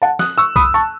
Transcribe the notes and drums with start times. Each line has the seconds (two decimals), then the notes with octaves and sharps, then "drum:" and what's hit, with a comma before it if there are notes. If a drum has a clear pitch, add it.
0.02 F#5 A5
0.19 D#6 F#6, drum: snare
0.38 C#6 E6
0.56 B5 D#6, drum: kick B1
0.74 A5 C#6